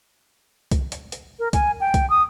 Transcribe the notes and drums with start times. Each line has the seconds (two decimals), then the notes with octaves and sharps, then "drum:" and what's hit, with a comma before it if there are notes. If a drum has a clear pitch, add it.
0.71 drum: kick C2, hi-hat
0.92 drum: hi-hat
1.12 drum: hi-hat
1.39 A#4
1.53 G#5, drum: kick C2, hi-hat
1.80 G5
1.94 drum: kick C2, hi-hat
2.10 D#6